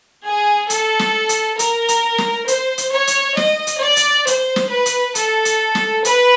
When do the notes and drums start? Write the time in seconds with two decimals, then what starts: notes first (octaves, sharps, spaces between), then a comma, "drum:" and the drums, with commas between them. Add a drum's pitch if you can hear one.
0.25 G#4
0.70 A4, drum: hi-hat
0.99 drum: snare
1.29 drum: hi-hat
1.59 A#4, drum: hi-hat
1.89 drum: hi-hat
2.18 drum: snare
2.48 C5, drum: hi-hat
2.78 drum: hi-hat
2.92 C#5
3.07 drum: hi-hat
3.37 D#5, drum: snare
3.67 drum: hi-hat
3.82 D5
3.97 drum: hi-hat
4.27 C5, drum: hi-hat
4.56 drum: snare
4.71 B4
4.86 drum: hi-hat
5.15 A4, drum: hi-hat
5.45 drum: hi-hat
5.75 drum: snare
6.05 B4, drum: hi-hat